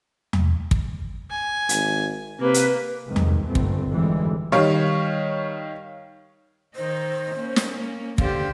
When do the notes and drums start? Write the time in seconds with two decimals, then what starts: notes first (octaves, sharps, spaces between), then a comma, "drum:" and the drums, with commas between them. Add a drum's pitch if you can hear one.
0.33 drum: tom E2
0.71 drum: kick
1.30 G#5
1.69 G#1, drum: hi-hat
2.40 C3 A#3 B4
2.54 drum: hi-hat
3.06 C2 G#2 C3 D#3 G#3
3.16 drum: tom E2
3.45 G1 F#2 A3 C4
3.55 drum: kick
3.90 G#1 F2 D3 E3 G3 G#3
4.52 D#3 G3 C#5 F5
6.76 D#3 D#4 C5
7.35 A#3 C#4
7.56 drum: snare
8.18 D3 G4 C5 F5, drum: kick